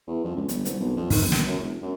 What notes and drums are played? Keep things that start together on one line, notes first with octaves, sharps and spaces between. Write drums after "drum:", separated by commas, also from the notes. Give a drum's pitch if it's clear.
E2
F2
C#2
G1, drum: hi-hat
C2, drum: hi-hat
B1
F2
D#3, drum: kick, open hi-hat
G1
drum: snare
F#2
E1
F#2